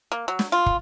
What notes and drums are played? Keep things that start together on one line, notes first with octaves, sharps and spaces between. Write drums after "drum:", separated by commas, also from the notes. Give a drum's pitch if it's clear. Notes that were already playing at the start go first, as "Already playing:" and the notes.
A#3
F#3
drum: snare
F4
drum: kick